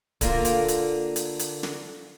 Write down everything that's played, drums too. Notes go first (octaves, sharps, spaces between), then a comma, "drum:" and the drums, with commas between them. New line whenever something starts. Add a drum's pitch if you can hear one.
D3 A#3 F4, drum: kick D1, hi-hat
drum: hi-hat
drum: hi-hat
drum: hi-hat
drum: hi-hat
drum: snare